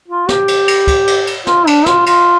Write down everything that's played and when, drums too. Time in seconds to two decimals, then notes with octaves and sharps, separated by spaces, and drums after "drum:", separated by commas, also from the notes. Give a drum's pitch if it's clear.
0.08 F4
0.29 G4, drum: snare
0.48 drum: cymbal
0.68 drum: cymbal
0.87 drum: kick, cymbal
1.07 drum: cymbal
1.27 drum: cymbal
1.47 F4, drum: snare
1.67 D4, drum: cymbal
1.86 F4, drum: snare
2.06 F4, drum: cymbal